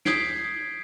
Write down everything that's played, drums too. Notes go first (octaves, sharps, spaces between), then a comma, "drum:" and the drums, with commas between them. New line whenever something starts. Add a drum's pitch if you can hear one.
D#6 G6 G#6 B6 C7 D7, drum: snare